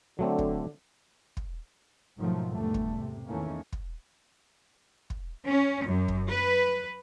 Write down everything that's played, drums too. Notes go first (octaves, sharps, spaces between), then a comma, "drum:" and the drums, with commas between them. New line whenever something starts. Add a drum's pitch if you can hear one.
D3 F#3 A3 C4
drum: kick
drum: kick
G#2 B2 D#3 F3 F#3 A3
G#1 E2 D3 G3 A3
drum: kick
C3
E2 D#3 E3 A3 A#3 C#4
drum: kick
drum: kick
C#4
F#2
drum: kick
B4